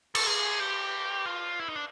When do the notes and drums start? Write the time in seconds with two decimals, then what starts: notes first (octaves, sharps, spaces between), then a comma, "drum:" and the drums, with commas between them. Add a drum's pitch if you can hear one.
0.15 A4, drum: cymbal
0.27 G#4
0.60 G4
1.26 F4
1.60 E4
1.68 D#4
1.76 D4